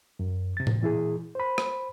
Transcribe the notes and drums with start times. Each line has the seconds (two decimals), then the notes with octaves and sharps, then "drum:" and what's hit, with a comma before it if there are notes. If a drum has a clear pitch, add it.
0.19 F#2
0.57 C3 A6
0.67 drum: tom A2
0.82 A#2 E3 E4 G#4
1.35 C5 B5
1.58 drum: rim click